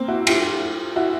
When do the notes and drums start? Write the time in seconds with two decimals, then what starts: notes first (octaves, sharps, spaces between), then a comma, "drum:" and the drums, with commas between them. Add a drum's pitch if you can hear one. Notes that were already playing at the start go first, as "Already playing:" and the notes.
Already playing: A#3 C4
0.08 E4 F#4
0.27 F4 G4, drum: cymbal
0.96 E4 F#4